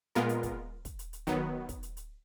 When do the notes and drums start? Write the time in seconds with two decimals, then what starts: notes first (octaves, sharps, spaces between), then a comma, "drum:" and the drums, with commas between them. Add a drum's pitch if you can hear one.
0.15 A#2 G#3 B3 F4 A#4, drum: hi-hat
0.29 drum: hi-hat
0.43 drum: kick, hi-hat
0.85 drum: kick, hi-hat
0.99 drum: hi-hat
1.13 drum: hi-hat
1.27 D#3 F#3 B3, drum: kick, hi-hat
1.69 drum: kick, hi-hat
1.83 drum: hi-hat
1.97 drum: hi-hat